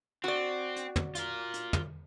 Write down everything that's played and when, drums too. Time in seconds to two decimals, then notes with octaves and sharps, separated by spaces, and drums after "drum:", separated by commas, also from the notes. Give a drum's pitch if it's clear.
0.24 C4 F#4 D5
0.76 drum: hi-hat
0.96 drum: tom
1.15 F4 A#4, drum: hi-hat
1.54 drum: hi-hat
1.73 drum: tom